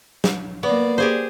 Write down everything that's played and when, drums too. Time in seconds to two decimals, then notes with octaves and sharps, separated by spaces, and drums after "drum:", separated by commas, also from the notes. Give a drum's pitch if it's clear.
0.24 drum: snare
0.63 A#3 B3 D5
0.98 G4 G#4 C5